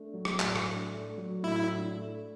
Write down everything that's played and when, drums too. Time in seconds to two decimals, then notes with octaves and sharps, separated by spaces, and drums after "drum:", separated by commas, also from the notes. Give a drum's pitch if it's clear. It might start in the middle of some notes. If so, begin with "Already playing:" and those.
Already playing: A3 D4
0.14 F#3
0.25 drum: rim click
0.39 A2, drum: clap
0.56 drum: rim click
0.65 D4
0.91 A3
1.18 F#3
1.43 A2 E4
1.69 D4
1.95 A3